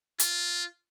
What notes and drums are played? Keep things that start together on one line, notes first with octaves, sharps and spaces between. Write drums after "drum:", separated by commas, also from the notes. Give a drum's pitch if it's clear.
F4, drum: hi-hat